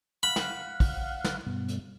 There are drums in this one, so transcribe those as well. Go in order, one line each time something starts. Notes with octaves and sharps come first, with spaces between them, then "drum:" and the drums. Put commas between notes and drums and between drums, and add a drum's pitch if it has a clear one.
F5 F#5 B5
drum: snare
drum: kick, open hi-hat
drum: snare
G2 B2
drum: hi-hat